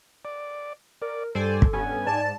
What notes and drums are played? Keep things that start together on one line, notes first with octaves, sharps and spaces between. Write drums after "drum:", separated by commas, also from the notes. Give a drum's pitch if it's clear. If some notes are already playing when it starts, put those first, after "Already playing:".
D5
A#4 D5
G2 A4 C5 D5 G#5
drum: kick
G2 B3 C#4 G#5
G#2 D5 A5